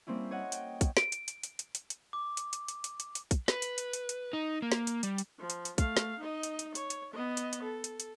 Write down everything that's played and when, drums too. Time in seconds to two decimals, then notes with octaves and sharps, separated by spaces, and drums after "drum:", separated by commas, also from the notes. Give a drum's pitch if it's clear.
0.07 G3 A#3 C4 C#4 E4
0.31 C#5 D#5 F#5
0.52 G5, drum: hi-hat
0.81 drum: kick, hi-hat
0.97 D7, drum: snare
1.12 drum: hi-hat
1.28 drum: hi-hat
1.43 drum: hi-hat
1.59 drum: hi-hat
1.75 drum: hi-hat
1.90 drum: hi-hat
2.13 D6
2.37 drum: hi-hat
2.53 drum: hi-hat
2.68 drum: hi-hat
2.84 drum: hi-hat
3.00 drum: hi-hat
3.15 drum: hi-hat
3.31 drum: kick, hi-hat
3.48 B4, drum: snare
3.62 drum: hi-hat
3.78 drum: hi-hat
3.93 drum: hi-hat
4.09 drum: hi-hat
4.33 D#4
4.62 A#3
4.72 drum: snare
4.87 drum: hi-hat
5.03 G3, drum: hi-hat
5.18 drum: hi-hat
5.39 F3
5.50 drum: hi-hat
5.65 drum: hi-hat
5.78 A3 F5, drum: kick, hi-hat
5.97 drum: snare
6.20 D#4 D#5
6.43 drum: hi-hat
6.59 drum: hi-hat
6.75 C#5, drum: hi-hat
6.90 drum: hi-hat
7.14 B3 D#5
7.37 drum: hi-hat
7.53 drum: hi-hat
7.63 A4
7.84 drum: hi-hat
8.00 drum: hi-hat